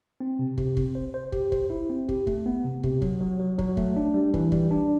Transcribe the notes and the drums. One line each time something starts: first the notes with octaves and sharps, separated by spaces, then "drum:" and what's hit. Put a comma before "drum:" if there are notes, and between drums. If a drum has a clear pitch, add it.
C4
C3
C3, drum: kick
C4, drum: kick
C5
C5
G4, drum: kick
C5, drum: kick
E4
C4
G4, drum: kick
A3, drum: kick
B3
C3
C3, drum: kick
F#3, drum: kick
F#3
F#3
F#3, drum: kick
A3, drum: kick
D4
G3
E3, drum: kick
G3, drum: kick
D4